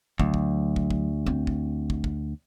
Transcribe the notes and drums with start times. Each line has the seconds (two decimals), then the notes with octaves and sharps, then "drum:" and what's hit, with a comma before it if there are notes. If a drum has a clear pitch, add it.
0.20 D2 F#3, drum: kick
0.34 drum: kick
0.76 drum: kick
0.91 drum: kick
1.26 C4
1.47 drum: kick
1.90 drum: kick
2.04 drum: kick